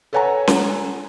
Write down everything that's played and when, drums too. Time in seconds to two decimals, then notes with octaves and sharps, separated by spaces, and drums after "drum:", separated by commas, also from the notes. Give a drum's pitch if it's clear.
0.13 A4 B4 C#5 F#5 G#5 A#5
0.47 drum: snare C#4